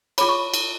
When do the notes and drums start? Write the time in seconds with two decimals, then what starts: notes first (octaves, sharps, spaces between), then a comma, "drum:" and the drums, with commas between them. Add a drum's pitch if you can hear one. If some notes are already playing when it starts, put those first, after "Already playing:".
0.18 F4 G#4 C#5 B5, drum: cymbal
0.29 C#6
0.54 drum: cymbal